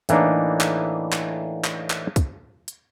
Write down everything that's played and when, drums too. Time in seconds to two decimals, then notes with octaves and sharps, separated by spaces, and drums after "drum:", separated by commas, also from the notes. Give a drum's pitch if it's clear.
0.09 A2 E3 A#3 D4 D#4, drum: hi-hat
0.61 drum: clap
1.12 drum: clap
1.64 drum: clap
1.90 drum: clap
2.16 drum: kick, hi-hat
2.68 drum: hi-hat